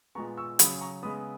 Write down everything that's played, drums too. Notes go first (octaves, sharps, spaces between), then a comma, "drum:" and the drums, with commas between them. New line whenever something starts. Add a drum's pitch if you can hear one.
A#2 G#3 B3 A#5 C#6
C#6 E6
C#3 F#3 C#4 B5 D#6, drum: hi-hat
A#5 C#6
C#3 G#3 B3 B5 D#6